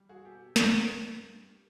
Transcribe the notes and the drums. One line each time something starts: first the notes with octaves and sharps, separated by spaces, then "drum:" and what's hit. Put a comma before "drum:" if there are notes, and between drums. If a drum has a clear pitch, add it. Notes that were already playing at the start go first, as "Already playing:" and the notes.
Already playing: G3
F#4 G#4
B2 G4 A4
G3 F4 G4, drum: snare
G3
G2